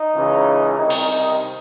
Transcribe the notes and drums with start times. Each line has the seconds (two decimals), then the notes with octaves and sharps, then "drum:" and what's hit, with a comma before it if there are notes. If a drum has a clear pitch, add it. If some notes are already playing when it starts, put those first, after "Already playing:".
Already playing: D#4
0.15 C#2 C#3 E3
0.77 C2 C3 D#3 D#4
0.90 drum: cymbal
1.08 D#4